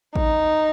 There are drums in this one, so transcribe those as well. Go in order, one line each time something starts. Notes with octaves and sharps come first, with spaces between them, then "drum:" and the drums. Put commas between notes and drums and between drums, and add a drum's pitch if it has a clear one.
D#4, drum: kick A1